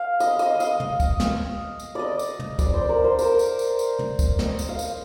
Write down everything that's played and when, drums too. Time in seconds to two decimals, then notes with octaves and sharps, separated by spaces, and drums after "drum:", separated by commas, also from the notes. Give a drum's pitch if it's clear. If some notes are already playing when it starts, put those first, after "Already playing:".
Already playing: F5
0.20 D#5, drum: tambourine
0.39 D#5, drum: tambourine
0.60 F5, drum: tambourine
0.80 drum: tom
1.00 drum: kick, tambourine
1.20 drum: snare
1.80 drum: tambourine
1.95 D5 D#5
2.19 drum: tambourine
2.39 drum: tom
2.59 D5, drum: kick, tambourine
2.70 C5 D5
2.89 A#4
3.04 C5
3.19 A#4, drum: tambourine
3.39 drum: tambourine
3.59 drum: tambourine
3.79 drum: tambourine
3.99 drum: tom
4.19 drum: kick, tambourine
4.39 D#5, drum: snare
4.59 drum: tambourine
4.69 F5
4.79 drum: tambourine